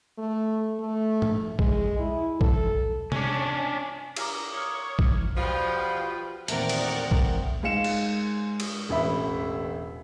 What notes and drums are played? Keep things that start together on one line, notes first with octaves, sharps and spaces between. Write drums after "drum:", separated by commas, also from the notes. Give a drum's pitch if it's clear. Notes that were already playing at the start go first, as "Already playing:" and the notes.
A3
A3
drum: tom G#2
G#3, drum: kick
E4
A4, drum: kick
C#4 D4, drum: tom C3
A#5 D6 F6 C7, drum: cymbal
C#5 D6 D#6 F6
drum: kick
B2 F3 G3 F4 B4 G5
E2 A#2 D#3 A3 C4 A#4 D5 F#5, drum: hi-hat
drum: cymbal
drum: kick
G#2 G#3 F5 C#7 E7
drum: cymbal
drum: cymbal
E1 A1 E5 B5